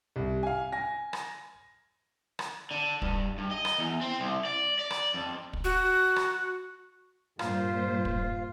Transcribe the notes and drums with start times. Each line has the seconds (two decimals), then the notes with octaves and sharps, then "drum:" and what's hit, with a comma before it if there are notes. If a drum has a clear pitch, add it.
0.16 C2
0.43 F5 G#5
0.72 G#5 A#6
1.13 drum: rim click
2.39 drum: rim click
2.71 D3
3.02 G2, drum: kick
3.38 G2
3.51 D#5
3.65 drum: rim click
3.78 E2
4.01 C4
4.20 C2
4.45 D5
4.79 D5
4.91 drum: rim click
5.14 F2
5.53 drum: kick
5.64 F#4
6.16 drum: rim click
7.39 G2 A#2 F4 C5, drum: rim click
8.05 drum: kick